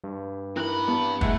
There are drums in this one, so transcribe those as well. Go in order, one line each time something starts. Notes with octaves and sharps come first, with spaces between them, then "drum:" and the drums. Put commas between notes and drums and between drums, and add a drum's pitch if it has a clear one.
G2
E3 C4 A#4 B5 F#6
G2 B3 A5
G#3 A3 E4 F#5, drum: kick